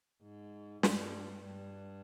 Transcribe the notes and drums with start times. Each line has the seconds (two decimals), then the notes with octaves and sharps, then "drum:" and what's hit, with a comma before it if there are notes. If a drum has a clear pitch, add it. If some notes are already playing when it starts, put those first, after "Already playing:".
0.22 G#2
0.83 G2, drum: snare
1.44 G2